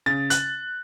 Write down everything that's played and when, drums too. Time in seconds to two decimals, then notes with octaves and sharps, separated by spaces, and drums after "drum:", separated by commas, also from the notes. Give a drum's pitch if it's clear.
0.06 C#3 A6
0.30 F#6, drum: hi-hat